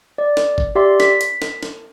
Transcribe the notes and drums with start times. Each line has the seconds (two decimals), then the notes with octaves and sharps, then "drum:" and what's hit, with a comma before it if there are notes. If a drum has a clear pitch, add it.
0.18 D5
0.37 drum: snare
0.58 drum: kick G1
0.75 G4 D5 E5 C6
1.00 B6, drum: snare
1.21 drum: hi-hat
1.42 drum: snare
1.63 drum: snare